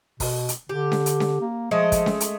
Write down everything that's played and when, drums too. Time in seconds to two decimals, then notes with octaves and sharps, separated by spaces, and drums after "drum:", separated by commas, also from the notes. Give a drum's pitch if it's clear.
0.20 B2, drum: kick, open hi-hat
0.49 drum: hi-hat
0.69 D3 G4
0.92 drum: snare C#4
1.06 drum: hi-hat
1.20 drum: snare C#4
1.41 A#3
1.71 F3 G#3 A3 D#5
1.92 drum: kick, hi-hat
2.06 drum: snare C#4
2.20 drum: hi-hat